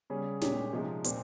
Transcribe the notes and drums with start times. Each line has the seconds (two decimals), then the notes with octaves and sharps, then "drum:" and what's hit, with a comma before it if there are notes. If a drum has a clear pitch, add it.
0.10 C#3 G3 C#4 G#4
0.41 A#2 G#3 C#4 G4, drum: snare
0.73 C3 F3 G#3 D#4
1.04 A#2 G#3 C4, drum: hi-hat